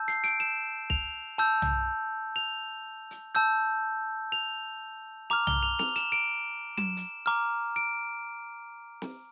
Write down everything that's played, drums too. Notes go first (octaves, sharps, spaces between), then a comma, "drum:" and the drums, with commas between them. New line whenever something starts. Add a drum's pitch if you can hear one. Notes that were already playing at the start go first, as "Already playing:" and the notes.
Already playing: A5 E6 G6
C7, drum: hi-hat
D7, drum: hi-hat
E7
F7, drum: kick
A5 E6 G6
drum: tom
F7
drum: hi-hat
A5 E6 G6
F7
A#5 D6 F6 F7
G7, drum: tom
F7
F7, drum: snare
E7, drum: hi-hat
D7
E7, drum: tom F#3
drum: hi-hat
A#5 D6 F6
D7
drum: snare